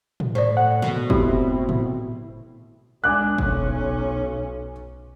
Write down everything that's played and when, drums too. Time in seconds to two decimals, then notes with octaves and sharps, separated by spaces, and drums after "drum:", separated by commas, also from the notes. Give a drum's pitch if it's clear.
0.20 drum: tom A2
0.35 A2 C5 D5
0.57 F#5
0.82 B2, drum: tom C3
1.10 A2 C4 E4 G4, drum: kick
1.69 drum: tom A2
3.04 G#3 D4 G#5 D6 F#6
3.38 B1 C#4, drum: kick